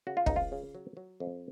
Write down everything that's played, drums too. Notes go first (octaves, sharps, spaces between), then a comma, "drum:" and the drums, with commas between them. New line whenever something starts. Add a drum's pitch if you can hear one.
C#3 F#4
F4
C#2 D#4, drum: kick
F4
C#3
F#3
F#3
F2